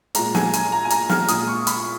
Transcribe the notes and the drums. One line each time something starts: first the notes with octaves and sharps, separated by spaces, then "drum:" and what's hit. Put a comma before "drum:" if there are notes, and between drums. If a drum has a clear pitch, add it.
A#2 G#3 A#5, drum: hi-hat
G#5, drum: snare
G#5, drum: hi-hat
A#5
G#5
A#5, drum: hi-hat
F6, drum: snare
A#2 G#3 D#6, drum: hi-hat
C#6
B5, drum: hi-hat